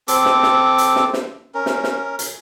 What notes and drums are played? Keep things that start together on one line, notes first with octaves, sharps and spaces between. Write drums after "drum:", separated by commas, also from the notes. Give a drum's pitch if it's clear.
C4 A4 D6, drum: hi-hat
drum: snare
drum: snare
drum: hi-hat
drum: snare
drum: snare
C#4 A#4
drum: snare
drum: snare
drum: hi-hat